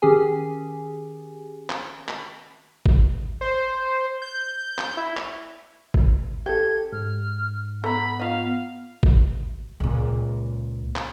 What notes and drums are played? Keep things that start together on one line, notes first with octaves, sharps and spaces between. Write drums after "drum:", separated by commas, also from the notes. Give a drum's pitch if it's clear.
D#3 C#4 G4 G#4 G#5
drum: clap
drum: clap
drum: kick G#1
C5
G6
drum: clap
E4
drum: clap
drum: kick G#1
C#3 G4 A4 G5 G#6
G#2 F6
B3 A4 A#5 B5
F4 D#5 F5
drum: kick G#1
C#2 A#2
drum: clap